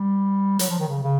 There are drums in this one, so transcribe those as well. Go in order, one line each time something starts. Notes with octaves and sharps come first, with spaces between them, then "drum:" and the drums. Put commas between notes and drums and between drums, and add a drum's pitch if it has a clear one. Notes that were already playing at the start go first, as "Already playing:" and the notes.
Already playing: G3
F#3, drum: hi-hat
F3
D#3
C#3
C#3